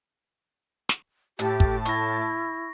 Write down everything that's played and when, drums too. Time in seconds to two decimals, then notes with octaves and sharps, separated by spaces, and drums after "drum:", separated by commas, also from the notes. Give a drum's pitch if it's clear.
0.89 drum: snare
1.39 A2 G4 A5, drum: hi-hat
1.60 drum: kick
1.85 E4 C#6 A#6, drum: hi-hat